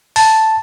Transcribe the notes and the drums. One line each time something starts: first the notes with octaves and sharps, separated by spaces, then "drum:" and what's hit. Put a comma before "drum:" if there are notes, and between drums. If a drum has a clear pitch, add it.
A5, drum: open hi-hat